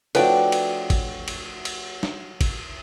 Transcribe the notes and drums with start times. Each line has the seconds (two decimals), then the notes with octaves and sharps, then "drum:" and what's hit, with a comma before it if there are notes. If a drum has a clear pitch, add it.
0.15 F3 A3 D4 F#4 B4 C#5 G5, drum: cymbal
0.52 drum: cymbal
0.90 drum: kick, cymbal
1.28 drum: cymbal
1.65 drum: cymbal
2.03 drum: snare
2.41 drum: kick, cymbal